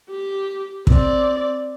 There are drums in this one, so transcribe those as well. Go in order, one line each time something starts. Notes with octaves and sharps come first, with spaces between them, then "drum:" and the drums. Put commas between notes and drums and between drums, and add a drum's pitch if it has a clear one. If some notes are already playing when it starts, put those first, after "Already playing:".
G4
C4 D5, drum: kick